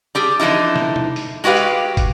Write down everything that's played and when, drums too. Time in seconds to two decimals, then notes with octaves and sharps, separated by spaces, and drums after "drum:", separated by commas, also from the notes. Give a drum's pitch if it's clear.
0.15 G3 G4 G#4
0.39 D3 E3 F3 D#4 E4
0.76 drum: snare
0.96 drum: tom B2
1.16 drum: open hi-hat
1.44 G#3 F#4 G4 B4 F5
1.57 drum: hi-hat
1.97 drum: kick, hi-hat